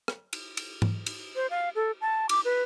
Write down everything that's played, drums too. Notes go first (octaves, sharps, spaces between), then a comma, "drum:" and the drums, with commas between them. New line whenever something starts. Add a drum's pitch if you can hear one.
drum: rim click
drum: cymbal
drum: cymbal
drum: tom G#2
drum: cymbal
C5
F5
A4
A5
D6, drum: cymbal
B4